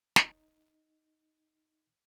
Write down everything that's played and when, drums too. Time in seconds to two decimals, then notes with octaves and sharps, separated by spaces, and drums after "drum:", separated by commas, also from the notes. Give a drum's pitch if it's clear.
0.16 D#4 A#4 C#5, drum: snare